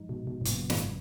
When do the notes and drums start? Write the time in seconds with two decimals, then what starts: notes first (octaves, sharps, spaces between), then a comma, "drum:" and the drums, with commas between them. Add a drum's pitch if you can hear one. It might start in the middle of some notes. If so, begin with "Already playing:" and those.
Already playing: G#2 F3 G#3 D#4
0.09 B2
0.27 B2
0.41 G#2
0.45 G#1 F#2 A#2 C#3 F#3 B3, drum: hi-hat
0.70 G#2, drum: snare